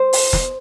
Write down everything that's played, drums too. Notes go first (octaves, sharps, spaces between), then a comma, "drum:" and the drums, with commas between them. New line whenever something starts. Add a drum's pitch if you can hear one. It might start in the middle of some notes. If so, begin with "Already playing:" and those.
Already playing: C5
drum: open hi-hat
drum: snare